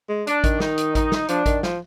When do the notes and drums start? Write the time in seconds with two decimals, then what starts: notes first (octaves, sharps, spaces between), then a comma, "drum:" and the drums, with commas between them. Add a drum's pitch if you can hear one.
0.09 G#3
0.27 D4, drum: hi-hat
0.44 D#3, drum: kick A1, hi-hat
0.60 D#4, drum: snare
0.78 drum: hi-hat
0.95 D#4, drum: kick A1, hi-hat
1.12 drum: snare
1.28 F3 D4, drum: hi-hat
1.46 D#3, drum: kick A1, hi-hat
1.63 F3, drum: snare